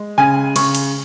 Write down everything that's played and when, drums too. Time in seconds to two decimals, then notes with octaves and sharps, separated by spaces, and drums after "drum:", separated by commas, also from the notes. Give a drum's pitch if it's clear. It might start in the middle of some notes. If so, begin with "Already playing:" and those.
Already playing: G#3
0.18 C#3 G#5
0.56 C#3 C#6, drum: cymbal
0.75 drum: cymbal